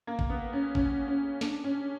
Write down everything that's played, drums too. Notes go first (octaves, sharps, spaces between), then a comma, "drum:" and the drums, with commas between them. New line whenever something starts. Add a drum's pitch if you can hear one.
A#3
drum: kick G1
B3
C#4
C#4, drum: kick G1
C#4
D4, drum: snare
C#4